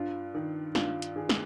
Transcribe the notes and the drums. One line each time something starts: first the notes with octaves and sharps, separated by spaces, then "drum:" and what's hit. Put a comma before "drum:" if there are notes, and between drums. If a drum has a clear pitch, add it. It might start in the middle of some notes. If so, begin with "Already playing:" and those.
Already playing: G2 F4
D#3
G2 F4, drum: snare
drum: hi-hat
D#3 G#4
drum: snare